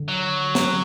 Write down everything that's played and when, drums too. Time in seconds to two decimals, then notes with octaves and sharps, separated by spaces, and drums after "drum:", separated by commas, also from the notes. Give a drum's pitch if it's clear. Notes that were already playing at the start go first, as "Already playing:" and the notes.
Already playing: D3
0.08 F#3
0.55 drum: snare